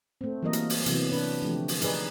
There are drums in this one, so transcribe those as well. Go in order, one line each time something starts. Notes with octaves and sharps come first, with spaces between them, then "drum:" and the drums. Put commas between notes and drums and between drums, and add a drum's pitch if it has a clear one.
A3 C4
E3 F#3 G3 A#3 A#4 D#5
drum: hi-hat
drum: open hi-hat
C3 E3 F#3 B3, drum: hi-hat
D4 B4
D3 F3 A3 G4
drum: open hi-hat
D#4 G#4 B4 D5, drum: hi-hat